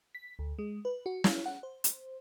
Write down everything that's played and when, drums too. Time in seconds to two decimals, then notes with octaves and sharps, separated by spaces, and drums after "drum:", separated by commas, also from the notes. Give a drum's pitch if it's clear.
0.15 B6
0.39 D2
0.59 G#3
0.85 B4
1.06 F#4
1.24 E4, drum: snare
1.46 F#5
1.63 C5
1.84 drum: hi-hat